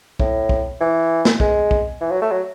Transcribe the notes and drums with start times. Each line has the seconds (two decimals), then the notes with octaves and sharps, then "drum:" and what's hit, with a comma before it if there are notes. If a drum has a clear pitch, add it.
0.20 A2, drum: kick
0.49 drum: kick
0.80 E3
1.25 drum: snare
1.40 G#3, drum: kick
1.71 drum: kick
2.01 E3
2.11 F#3
2.21 A3
2.31 F#3